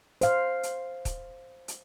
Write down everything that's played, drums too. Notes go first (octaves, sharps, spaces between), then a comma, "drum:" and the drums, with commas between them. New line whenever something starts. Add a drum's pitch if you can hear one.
C5 F5, drum: hi-hat
drum: hi-hat
drum: kick, hi-hat
drum: hi-hat